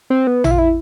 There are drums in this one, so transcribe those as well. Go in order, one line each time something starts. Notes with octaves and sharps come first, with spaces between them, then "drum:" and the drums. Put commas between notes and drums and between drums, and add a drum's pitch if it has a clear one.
C4
B3
E4, drum: tom A1
F4
E4